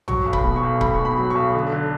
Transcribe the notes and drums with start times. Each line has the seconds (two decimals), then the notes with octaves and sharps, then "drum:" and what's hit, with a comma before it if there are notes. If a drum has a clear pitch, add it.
0.08 F#3 C#6, drum: tom A#1
0.26 B1
0.33 B5, drum: kick C#1
0.45 B2
0.56 C#6
0.63 B1
0.81 B1 B5, drum: kick C#1
0.94 B2 C#6
1.05 B5
1.18 F#3
1.30 C#6
1.35 B1
1.55 D3
1.72 D3